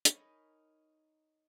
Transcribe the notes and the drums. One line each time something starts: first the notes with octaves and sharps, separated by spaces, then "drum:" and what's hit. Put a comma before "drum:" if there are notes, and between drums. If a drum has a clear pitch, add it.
D#4 A#4 C#5 D#5 G#5 B5, drum: hi-hat